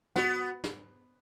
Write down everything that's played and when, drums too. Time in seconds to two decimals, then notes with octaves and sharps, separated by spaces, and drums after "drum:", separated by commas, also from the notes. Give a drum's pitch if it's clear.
0.16 B3 F#4 F#5, drum: snare
0.64 drum: snare